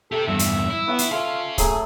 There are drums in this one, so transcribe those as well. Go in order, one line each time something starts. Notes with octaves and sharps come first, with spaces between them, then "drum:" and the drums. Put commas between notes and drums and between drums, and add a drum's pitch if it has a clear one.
G4 A4 E5
E2 G2 E5
drum: hi-hat
E4
B3 C#5 E5 G5
drum: hi-hat
C#4 F4 A4 F5
F#3 A3 G#4, drum: kick, hi-hat